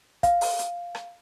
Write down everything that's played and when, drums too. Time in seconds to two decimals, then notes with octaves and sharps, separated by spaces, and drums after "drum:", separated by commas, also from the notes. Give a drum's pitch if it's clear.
0.23 F5, drum: kick, hi-hat
0.41 drum: open hi-hat
0.59 drum: hi-hat
0.95 drum: rim click